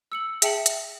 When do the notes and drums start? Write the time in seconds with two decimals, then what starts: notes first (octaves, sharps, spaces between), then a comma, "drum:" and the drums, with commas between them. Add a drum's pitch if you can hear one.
0.12 E6 C#7 F#7
0.42 G#4 E5 G5 A5 C#7 F#7, drum: hi-hat
0.66 drum: hi-hat